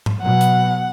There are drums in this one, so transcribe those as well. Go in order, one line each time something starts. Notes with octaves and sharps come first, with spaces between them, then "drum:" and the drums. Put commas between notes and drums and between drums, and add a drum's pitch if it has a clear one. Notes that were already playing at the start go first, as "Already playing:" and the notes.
drum: tom G#2
B2 F#3 F#5
drum: hi-hat